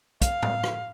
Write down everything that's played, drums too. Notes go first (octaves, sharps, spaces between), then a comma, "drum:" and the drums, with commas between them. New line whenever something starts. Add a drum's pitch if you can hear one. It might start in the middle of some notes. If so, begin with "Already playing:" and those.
F5, drum: kick, hi-hat
drum: tom
drum: rim click